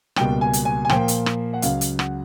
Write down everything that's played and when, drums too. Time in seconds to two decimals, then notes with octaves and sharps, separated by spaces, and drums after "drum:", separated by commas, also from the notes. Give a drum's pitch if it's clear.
0.16 C#2 B2 G3 A#3 G5, drum: rim click
0.41 G#5
0.53 drum: hi-hat
0.65 G#5
0.85 G#5
0.89 A#2 F3 A#3 G5, drum: rim click
1.08 drum: hi-hat
1.26 drum: rim click
1.53 F#5
1.62 C#2 C#3 F#3 F5, drum: hi-hat
1.81 drum: hi-hat
1.99 F#5, drum: rim click